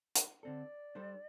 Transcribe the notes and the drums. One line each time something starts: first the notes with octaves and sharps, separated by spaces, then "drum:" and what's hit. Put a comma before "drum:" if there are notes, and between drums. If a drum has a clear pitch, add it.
drum: hi-hat
D3 C4 A4 D5
G3 D4 A4 C5